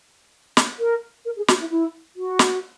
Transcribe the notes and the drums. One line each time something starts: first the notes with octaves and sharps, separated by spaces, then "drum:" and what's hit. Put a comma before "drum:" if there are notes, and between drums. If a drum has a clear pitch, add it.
drum: snare
A#4
A#4
G#4
F#4, drum: snare
E4
E4
F#4
drum: snare